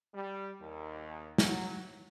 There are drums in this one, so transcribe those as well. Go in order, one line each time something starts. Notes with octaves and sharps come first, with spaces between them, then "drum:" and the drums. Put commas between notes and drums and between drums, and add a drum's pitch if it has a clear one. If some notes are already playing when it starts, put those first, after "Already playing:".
G3
D#2
F#3, drum: snare